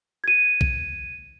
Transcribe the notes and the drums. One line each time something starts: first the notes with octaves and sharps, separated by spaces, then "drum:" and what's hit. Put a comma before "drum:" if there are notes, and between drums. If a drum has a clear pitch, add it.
G#6 D#7
drum: kick A#1